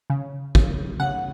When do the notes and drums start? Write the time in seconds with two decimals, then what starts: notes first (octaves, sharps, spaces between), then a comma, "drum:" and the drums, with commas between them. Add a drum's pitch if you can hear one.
0.10 C#3
0.55 C#3, drum: kick
1.00 C#3 F#5